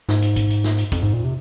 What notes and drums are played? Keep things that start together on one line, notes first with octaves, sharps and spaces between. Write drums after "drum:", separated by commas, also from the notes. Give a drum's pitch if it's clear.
G#2, drum: snare
drum: hi-hat
drum: kick, hi-hat
drum: hi-hat
drum: snare
drum: hi-hat
F2, drum: kick, hi-hat
G#2
A#2
C3